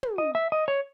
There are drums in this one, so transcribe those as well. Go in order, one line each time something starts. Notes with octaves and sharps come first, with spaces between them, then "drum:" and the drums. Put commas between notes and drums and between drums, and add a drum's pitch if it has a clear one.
drum: tom
D#5
E5
D#5
C#5